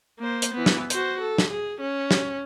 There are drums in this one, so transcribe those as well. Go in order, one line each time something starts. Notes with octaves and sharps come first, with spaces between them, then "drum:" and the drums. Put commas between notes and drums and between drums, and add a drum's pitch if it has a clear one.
A#3 C5
drum: hi-hat
E3 B3
drum: snare
F#4 C5, drum: hi-hat
A4
drum: snare
G#4
C#4
drum: snare